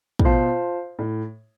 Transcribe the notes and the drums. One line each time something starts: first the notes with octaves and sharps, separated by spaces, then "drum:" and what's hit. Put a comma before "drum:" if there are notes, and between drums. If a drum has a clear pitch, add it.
A2, drum: kick
B2 F4 C5 F5 A5
A2